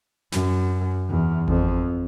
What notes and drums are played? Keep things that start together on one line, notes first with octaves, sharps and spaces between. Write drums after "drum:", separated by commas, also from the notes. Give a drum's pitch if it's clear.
F#2, drum: snare
E2
F2, drum: kick G#1